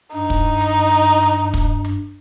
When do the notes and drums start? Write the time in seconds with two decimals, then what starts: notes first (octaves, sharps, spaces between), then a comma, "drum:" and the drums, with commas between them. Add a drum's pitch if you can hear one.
0.14 G2 D#4
0.30 drum: kick
0.61 drum: hi-hat
0.92 drum: hi-hat
1.23 drum: hi-hat
1.54 drum: kick, hi-hat
1.85 drum: hi-hat